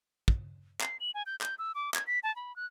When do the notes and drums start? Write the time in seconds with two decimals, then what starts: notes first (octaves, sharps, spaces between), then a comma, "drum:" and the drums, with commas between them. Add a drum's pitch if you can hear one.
0.28 drum: kick
0.81 C7, drum: clap
1.00 F#7
1.14 G#5
1.26 G6
1.41 G6, drum: clap
1.59 E6
1.75 D6
1.94 G#6, drum: clap
2.07 B6
2.23 A5
2.36 B5
2.56 F#6